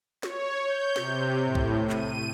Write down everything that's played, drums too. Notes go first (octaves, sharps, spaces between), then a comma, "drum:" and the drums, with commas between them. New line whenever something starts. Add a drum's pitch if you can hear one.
C#5, drum: snare
G6
C3, drum: snare
A2
drum: kick B1
D#7, drum: clap